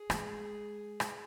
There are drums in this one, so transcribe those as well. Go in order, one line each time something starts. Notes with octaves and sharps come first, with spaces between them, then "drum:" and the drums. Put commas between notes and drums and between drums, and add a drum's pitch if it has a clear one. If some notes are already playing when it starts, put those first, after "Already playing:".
Already playing: G#4
G#3, drum: rim click
drum: rim click